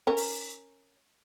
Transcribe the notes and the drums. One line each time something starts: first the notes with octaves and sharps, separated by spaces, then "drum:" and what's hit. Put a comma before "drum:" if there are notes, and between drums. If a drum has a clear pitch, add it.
C#4 A#4
drum: open hi-hat